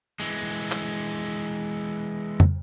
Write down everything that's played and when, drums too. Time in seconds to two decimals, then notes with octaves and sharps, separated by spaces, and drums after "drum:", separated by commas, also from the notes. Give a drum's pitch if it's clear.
0.20 E3 G#3
0.72 drum: clap
2.40 drum: tom